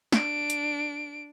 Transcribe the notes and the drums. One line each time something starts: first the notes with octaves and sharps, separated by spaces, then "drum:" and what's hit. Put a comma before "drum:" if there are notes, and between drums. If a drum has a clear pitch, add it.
D4 D7, drum: snare
drum: hi-hat